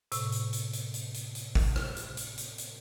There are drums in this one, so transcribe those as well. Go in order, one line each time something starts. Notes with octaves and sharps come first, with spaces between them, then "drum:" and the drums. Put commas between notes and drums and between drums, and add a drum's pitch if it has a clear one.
A2 C3, drum: hi-hat
drum: hi-hat
drum: hi-hat
drum: hi-hat
drum: hi-hat
drum: hi-hat
drum: hi-hat
drum: kick, open hi-hat
drum: rim click
drum: hi-hat
drum: hi-hat
drum: hi-hat
drum: hi-hat